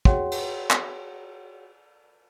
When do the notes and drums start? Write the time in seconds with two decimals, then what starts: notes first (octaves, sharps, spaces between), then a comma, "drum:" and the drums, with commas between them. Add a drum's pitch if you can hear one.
0.05 F#4 G#4 C#5 F#5 G5 C6, drum: kick
0.32 drum: cymbal
0.70 drum: clap